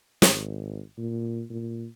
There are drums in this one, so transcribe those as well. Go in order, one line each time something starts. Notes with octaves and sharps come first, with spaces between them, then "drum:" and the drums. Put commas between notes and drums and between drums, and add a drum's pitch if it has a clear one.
G#1, drum: snare
A#2
A#2